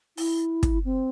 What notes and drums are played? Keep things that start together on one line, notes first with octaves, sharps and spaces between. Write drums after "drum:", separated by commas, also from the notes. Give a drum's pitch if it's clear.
E4, drum: open hi-hat
drum: kick, hi-hat
C4